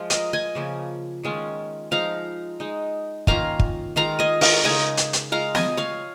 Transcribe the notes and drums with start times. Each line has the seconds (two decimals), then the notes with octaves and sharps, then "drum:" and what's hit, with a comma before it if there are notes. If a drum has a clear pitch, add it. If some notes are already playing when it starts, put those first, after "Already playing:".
Already playing: F3 G#3 F4
0.10 A#4 D#5, drum: hi-hat
0.33 D#5 G#5
0.55 C#3 F3 A#3 C#4
1.23 D#3 G#3 C#4 F4
1.91 F3 G#3 D#4 F5 A#5
2.60 G#3 D#4
3.27 D#3 A#3 C#4 F4 F5 A#5, drum: kick
3.59 drum: kick
3.96 D#3 G#3 F4 F5 A#5
4.19 D#5 G#5
4.41 A#4 D#5, drum: open hi-hat
4.64 C#3 G#3 D#4 D#5 G#5
4.97 drum: hi-hat
5.13 drum: hi-hat
5.32 G#3 F4 F5 A#5
5.55 D#5 G#5, drum: snare
5.77 C#5 F5